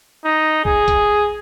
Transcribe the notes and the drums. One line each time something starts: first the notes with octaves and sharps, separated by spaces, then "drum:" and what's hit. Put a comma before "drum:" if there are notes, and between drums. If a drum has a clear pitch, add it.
D#4
G#4, drum: kick
drum: kick, hi-hat